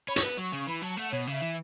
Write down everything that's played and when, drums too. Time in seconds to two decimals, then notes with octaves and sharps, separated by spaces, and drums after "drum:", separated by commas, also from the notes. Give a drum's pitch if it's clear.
0.08 C#4 B5
0.16 C#6, drum: hi-hat
0.23 B3 B5
0.38 F#3 C#6
0.53 C#3
0.67 E3 B5
0.82 F#3 A5
0.97 A3 F#5
1.12 B2 C#5
1.27 C#3 E5
1.41 E3